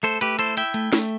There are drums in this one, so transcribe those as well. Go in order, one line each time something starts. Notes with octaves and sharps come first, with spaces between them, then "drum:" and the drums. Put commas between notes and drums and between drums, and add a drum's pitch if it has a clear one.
A3 A4 C5
A3 G4 B4, drum: hi-hat
E4 A4 C5, drum: hi-hat
E4 E5 G5, drum: hi-hat
A3, drum: hi-hat
A3, drum: snare